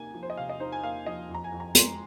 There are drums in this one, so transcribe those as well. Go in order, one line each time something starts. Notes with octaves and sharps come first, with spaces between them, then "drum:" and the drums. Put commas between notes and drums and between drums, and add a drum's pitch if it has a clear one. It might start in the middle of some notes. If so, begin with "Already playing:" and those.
Already playing: C3 A#3 D#4 G#5
F3
C5
D#5
C3 F5
D#5
D#4 C5
G#5
A#3 F5
F3 D#5
F2
A#5
G#5
F2
A#5
G#3 C6, drum: hi-hat